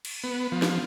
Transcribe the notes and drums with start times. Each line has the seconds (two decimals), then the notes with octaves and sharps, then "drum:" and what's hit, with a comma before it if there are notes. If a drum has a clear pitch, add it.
0.05 drum: cymbal
0.24 B3
0.52 F3
0.62 drum: snare